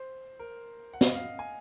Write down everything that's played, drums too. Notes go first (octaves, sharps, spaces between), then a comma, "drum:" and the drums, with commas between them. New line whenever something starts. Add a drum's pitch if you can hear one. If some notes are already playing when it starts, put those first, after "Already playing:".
Already playing: C5
A#4
F#5
F5, drum: snare
D#5
F5
G#5